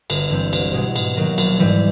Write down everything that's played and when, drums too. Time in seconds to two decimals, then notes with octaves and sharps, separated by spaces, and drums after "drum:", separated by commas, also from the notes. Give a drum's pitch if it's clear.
0.10 G1, drum: cymbal
0.30 G2 E3 G3 C4
0.53 C2, drum: cymbal
0.73 B2 G#3
0.96 G#2, drum: cymbal
1.16 D#3 F#3 A#3
1.38 A#1, drum: cymbal
1.59 G#2 E3 G3